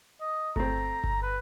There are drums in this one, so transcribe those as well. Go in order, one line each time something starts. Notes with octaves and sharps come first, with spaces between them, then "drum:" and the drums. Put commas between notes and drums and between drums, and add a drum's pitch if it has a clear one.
D#5
A3 C4 A#5, drum: kick G1
drum: kick G1
B4